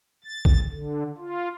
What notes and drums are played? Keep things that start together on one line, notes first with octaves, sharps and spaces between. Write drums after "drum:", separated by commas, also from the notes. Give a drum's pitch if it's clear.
A6
drum: kick
D3
F4